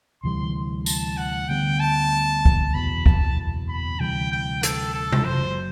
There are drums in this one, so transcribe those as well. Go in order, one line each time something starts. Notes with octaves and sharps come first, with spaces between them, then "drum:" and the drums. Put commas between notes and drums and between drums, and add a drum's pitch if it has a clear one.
D2 C3 E3 G3 C6
A5, drum: tambourine
F#5
D2 D3 G3 B3 G5
A5
drum: kick C#2
F#1 E2 B2 B5
A5, drum: kick C#2
B5
D2 C3 E3 G3 G5
G5
A4, drum: hi-hat
A4
drum: tom C3
F#1 F#2 F#3 C5